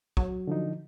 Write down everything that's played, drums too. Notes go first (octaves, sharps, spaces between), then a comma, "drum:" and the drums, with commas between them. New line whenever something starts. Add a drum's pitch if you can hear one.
F#3, drum: kick
D3 F3 D#4